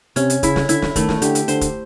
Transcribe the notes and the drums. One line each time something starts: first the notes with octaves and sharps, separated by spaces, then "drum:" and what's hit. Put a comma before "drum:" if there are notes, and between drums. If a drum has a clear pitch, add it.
C3 C#4, drum: hi-hat
drum: hi-hat
C#3 E4, drum: kick, hi-hat
drum: snare
D3 E4, drum: hi-hat
drum: snare
D#3 A3, drum: kick, hi-hat
drum: snare
D3 G4, drum: hi-hat
drum: hi-hat
D3 C5, drum: hi-hat
drum: kick, hi-hat